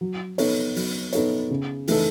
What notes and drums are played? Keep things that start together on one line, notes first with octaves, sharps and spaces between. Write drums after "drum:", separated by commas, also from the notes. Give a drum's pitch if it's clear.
F#3
B3 D#4 A4 C#5, drum: open hi-hat
F#3, drum: open hi-hat
B3 D#4 A4 C#5, drum: hi-hat
C#3
E3 A3 D#4 A4, drum: open hi-hat